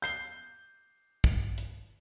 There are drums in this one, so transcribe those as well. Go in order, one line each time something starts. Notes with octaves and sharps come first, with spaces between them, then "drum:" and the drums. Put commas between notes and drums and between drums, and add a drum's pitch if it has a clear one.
G6 C7 G7, drum: tambourine
drum: kick
drum: hi-hat